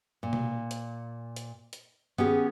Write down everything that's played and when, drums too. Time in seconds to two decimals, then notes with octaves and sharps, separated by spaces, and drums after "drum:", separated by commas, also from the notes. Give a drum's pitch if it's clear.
0.23 A#2
0.33 drum: tom B2
0.71 drum: hi-hat
1.36 drum: hi-hat
1.73 drum: hi-hat
2.18 B3 C#4 G4 G#4, drum: tom